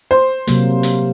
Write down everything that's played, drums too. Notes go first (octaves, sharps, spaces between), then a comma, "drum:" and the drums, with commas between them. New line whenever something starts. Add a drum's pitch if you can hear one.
C5
C3 F#3 A#3, drum: hi-hat
drum: hi-hat